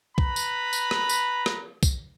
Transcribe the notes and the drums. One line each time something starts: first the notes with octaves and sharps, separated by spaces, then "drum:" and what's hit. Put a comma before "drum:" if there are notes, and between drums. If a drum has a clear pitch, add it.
B4 A#5 B5, drum: kick
drum: tambourine
drum: tambourine
drum: rim click
drum: tambourine
drum: rim click
drum: kick, tambourine